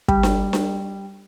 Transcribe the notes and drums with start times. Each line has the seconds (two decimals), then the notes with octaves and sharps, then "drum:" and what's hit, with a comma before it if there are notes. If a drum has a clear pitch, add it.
0.08 G3, drum: kick
0.23 drum: snare D4
0.53 drum: snare D4